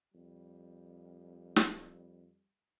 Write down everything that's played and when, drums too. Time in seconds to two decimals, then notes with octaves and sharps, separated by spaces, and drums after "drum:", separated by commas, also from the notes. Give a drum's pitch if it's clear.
0.14 F2 G3
1.56 drum: snare